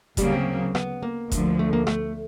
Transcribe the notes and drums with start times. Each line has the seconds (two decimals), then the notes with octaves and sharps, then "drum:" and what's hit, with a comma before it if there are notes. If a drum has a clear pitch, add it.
0.17 D2 C#3 F#3 G3 A#3, drum: kick F#1, hi-hat
0.32 C4
0.75 B3, drum: rim click
1.03 A#3
1.32 D2 D3 F3, drum: kick F#1, hi-hat
1.59 A3
1.73 A#3
1.87 A3, drum: rim click